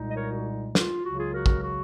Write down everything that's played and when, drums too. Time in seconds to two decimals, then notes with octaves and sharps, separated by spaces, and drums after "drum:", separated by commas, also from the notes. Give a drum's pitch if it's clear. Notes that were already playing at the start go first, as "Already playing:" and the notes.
Already playing: C2 A#2 G#3 D#4
0.10 D#5
0.15 A#4 C#5
0.31 F#4
0.75 F4, drum: snare
1.04 C#2 C#3 F#3 F#4
1.18 F4 G#4
1.33 F#4 A#4
1.46 drum: kick
1.62 F#4